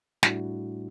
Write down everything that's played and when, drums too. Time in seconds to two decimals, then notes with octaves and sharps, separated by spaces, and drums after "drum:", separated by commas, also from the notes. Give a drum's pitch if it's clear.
0.23 A2 G3 A3 D4 E4 F#4, drum: snare